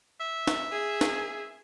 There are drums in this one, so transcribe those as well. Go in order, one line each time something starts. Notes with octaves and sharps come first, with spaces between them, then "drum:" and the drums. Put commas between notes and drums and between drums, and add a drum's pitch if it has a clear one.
E5
drum: snare
G#4
drum: snare